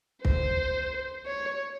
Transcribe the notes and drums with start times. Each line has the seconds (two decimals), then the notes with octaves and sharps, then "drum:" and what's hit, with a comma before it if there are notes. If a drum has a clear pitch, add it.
0.25 C5, drum: kick
1.26 C#5